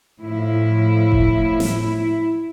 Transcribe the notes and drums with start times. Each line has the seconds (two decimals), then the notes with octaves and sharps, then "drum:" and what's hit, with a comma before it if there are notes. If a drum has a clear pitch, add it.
0.24 A2 F3 E4
1.12 drum: kick F1
1.60 drum: snare